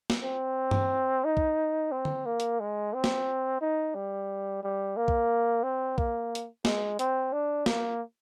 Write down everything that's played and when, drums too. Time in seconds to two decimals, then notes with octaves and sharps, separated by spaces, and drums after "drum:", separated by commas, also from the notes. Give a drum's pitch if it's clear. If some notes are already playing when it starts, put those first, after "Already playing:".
0.10 drum: snare
0.23 C4
0.71 drum: tom G2
1.25 D#4
1.37 drum: kick
1.92 C4
2.05 drum: tom
2.26 A#3
2.40 drum: hi-hat
2.60 G#3
2.94 C4
3.04 drum: snare
3.61 D#4
3.95 G3
4.63 G3
4.97 A#3
5.08 drum: kick
5.63 C4
5.98 A#3, drum: kick
6.35 drum: hi-hat
6.65 G#3, drum: snare
6.99 C4, drum: hi-hat
7.33 D4
7.66 A#3, drum: snare